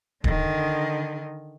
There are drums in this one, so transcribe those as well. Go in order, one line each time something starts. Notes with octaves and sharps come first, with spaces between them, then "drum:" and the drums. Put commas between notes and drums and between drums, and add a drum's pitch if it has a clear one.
D3 D#3, drum: kick D1